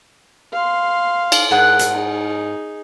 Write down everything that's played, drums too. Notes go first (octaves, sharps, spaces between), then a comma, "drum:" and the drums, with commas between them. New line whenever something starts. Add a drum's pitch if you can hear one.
F5 C6
drum: cymbal
G#2 G#4 A#4 F#5
drum: hi-hat
D#4 G#4